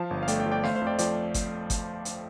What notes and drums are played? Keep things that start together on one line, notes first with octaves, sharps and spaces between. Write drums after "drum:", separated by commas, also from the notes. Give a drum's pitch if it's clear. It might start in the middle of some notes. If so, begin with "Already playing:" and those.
Already playing: F3 F5 A5
G1
F5
A3 D5 G5, drum: hi-hat
D5 G5
F3
D5 G5
A3 C5 F5, drum: snare
C5 F5
F2
D5 G5
F3 D5 G5, drum: hi-hat
drum: kick G1, hi-hat
drum: kick G1, hi-hat
drum: hi-hat